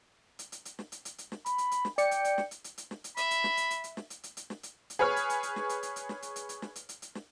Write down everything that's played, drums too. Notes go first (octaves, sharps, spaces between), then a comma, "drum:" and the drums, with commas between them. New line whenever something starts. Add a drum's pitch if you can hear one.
drum: hi-hat
drum: hi-hat
drum: hi-hat
drum: snare
drum: hi-hat
drum: hi-hat
drum: hi-hat
drum: snare
B5, drum: hi-hat
drum: hi-hat
drum: hi-hat
drum: snare
D5 G5 C#7, drum: hi-hat
drum: hi-hat
drum: hi-hat
drum: snare
drum: hi-hat
drum: hi-hat
drum: hi-hat
drum: snare
drum: hi-hat
E5 B5, drum: hi-hat
drum: hi-hat
drum: snare
drum: hi-hat
drum: hi-hat
drum: hi-hat
drum: snare
drum: hi-hat
drum: hi-hat
drum: hi-hat
drum: snare
drum: hi-hat
drum: hi-hat
G#4 B4 C#5 F6
drum: hi-hat
drum: hi-hat
drum: hi-hat
drum: snare
drum: hi-hat
drum: hi-hat
drum: hi-hat
drum: snare
drum: hi-hat
drum: hi-hat
drum: hi-hat
drum: snare
drum: hi-hat
drum: hi-hat
drum: hi-hat
drum: snare